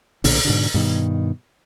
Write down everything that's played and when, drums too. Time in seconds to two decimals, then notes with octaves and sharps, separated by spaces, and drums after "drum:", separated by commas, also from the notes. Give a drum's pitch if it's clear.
0.24 B1 A#2 D3, drum: open hi-hat
0.45 G#2 B2 D3
0.74 G2 B2 D#3